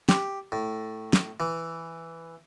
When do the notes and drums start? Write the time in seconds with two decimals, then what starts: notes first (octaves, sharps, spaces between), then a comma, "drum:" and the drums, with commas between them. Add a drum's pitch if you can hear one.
0.09 G4, drum: snare
0.52 A2
1.13 drum: snare
1.40 E3